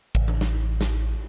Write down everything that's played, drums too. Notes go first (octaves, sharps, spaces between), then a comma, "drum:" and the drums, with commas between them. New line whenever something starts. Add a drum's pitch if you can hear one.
A1, drum: kick
drum: tom E3
drum: snare
drum: snare